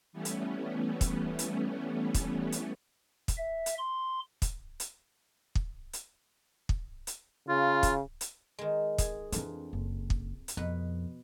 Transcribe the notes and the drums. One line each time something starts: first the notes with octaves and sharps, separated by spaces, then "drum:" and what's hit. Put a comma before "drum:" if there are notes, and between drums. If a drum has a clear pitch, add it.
E3 G3 A3 B3 C#4
drum: hi-hat
drum: kick, hi-hat
drum: hi-hat
drum: kick, hi-hat
drum: hi-hat
drum: kick, hi-hat
E5
drum: hi-hat
C6
drum: kick, hi-hat
drum: hi-hat
drum: kick
drum: hi-hat
drum: kick
drum: hi-hat
C#3 F4
drum: kick, hi-hat
drum: hi-hat
D#3 G#3
G#4, drum: kick, hi-hat
F2 E3 D4, drum: hi-hat
F#1
drum: kick
drum: hi-hat
F2 B2 B4